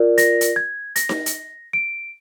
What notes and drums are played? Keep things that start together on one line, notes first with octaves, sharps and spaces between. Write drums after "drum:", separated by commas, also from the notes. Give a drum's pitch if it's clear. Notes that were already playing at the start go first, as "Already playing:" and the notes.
Already playing: F4 A#4 D5
A#6, drum: hi-hat
drum: hi-hat
G#6
A#6, drum: hi-hat
drum: snare D#4
drum: hi-hat
D7